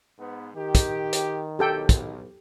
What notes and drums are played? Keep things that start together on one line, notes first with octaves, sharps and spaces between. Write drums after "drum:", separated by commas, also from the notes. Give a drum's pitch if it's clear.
G#2 B3
D#3 G4
drum: kick, hi-hat
drum: hi-hat
B1 G4 A4 G5
drum: kick, hi-hat